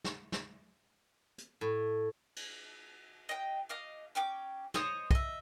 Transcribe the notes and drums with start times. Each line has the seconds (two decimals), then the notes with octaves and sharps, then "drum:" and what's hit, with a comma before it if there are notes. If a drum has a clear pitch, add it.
0.04 drum: snare
0.32 drum: snare
1.38 drum: hi-hat
1.61 A2
2.36 drum: cymbal
3.29 D#5 G5
3.69 D#5 F5 D6
4.15 C#4 G5 D6
4.74 C5 C#5 D#5 D#6, drum: snare
5.11 D#5 E5, drum: kick